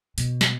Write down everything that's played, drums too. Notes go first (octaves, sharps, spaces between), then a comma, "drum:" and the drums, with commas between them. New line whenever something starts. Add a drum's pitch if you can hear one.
B2, drum: hi-hat
drum: snare